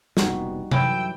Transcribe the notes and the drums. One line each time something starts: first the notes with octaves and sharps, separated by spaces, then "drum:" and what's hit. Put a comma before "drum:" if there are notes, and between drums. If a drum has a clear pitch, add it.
F1 A#1 B2 G3 D#4 F#4, drum: snare
F#2 E3 F#3 A3 G5 E6, drum: tom C3